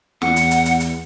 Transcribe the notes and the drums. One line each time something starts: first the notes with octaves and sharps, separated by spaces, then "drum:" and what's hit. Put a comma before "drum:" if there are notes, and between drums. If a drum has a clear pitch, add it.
E2 F#5, drum: snare
drum: hi-hat
drum: hi-hat
drum: hi-hat
drum: hi-hat